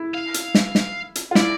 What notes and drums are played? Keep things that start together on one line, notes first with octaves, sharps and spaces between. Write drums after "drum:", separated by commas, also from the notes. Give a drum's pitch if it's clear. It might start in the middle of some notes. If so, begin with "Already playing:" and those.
Already playing: E4
F5
drum: hi-hat
drum: snare
drum: snare
drum: hi-hat
F4
E4 D5, drum: snare